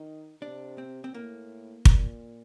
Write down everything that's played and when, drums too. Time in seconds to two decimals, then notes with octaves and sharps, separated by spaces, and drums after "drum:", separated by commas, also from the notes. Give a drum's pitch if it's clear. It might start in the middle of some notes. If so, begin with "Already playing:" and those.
Already playing: D#3 D#4
0.42 C3 D4
0.78 C4
1.04 C4
1.14 A2 A#3
1.85 A#2, drum: kick